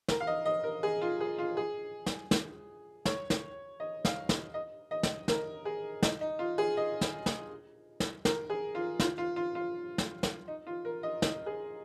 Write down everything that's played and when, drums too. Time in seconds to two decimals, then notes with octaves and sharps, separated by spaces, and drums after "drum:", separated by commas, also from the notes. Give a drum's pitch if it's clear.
0.08 A#4, drum: snare
0.20 F5
0.27 D#5
0.46 D#5
0.64 A#4
0.83 G#4
1.01 F4
1.20 G#4
1.38 F4
1.57 G#4
2.06 drum: snare
2.31 drum: snare
3.05 C#5, drum: snare
3.30 drum: snare
3.80 D#5
4.05 F5, drum: snare
4.29 drum: snare
4.54 D#5
4.91 D#5
5.03 drum: snare
5.28 A#4, drum: snare
5.65 G#4
6.03 D#4, drum: snare
6.21 D#4
6.39 F4
6.58 G#4
6.77 D#5
7.01 drum: snare
7.26 drum: snare
8.00 drum: snare
8.25 A#4, drum: snare
8.50 G#4
8.75 F4
9.00 F4, drum: snare
9.18 F4
9.36 F4
9.55 F4
9.98 drum: snare
10.23 drum: snare
10.48 D#4
10.67 F4
10.85 A#4
11.03 D#5
11.22 D#5, drum: snare
11.46 G#4